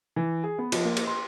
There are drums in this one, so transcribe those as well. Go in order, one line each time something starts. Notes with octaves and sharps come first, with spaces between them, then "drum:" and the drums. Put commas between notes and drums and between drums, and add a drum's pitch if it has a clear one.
E3
G#4
B3
F3, drum: cymbal
A#3
drum: cymbal
C6